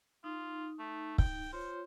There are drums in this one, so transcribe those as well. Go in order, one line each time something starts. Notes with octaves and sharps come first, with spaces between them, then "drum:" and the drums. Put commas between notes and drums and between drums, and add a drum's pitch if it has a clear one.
D#4 F4
A3
G5, drum: kick
F4 C5 C#5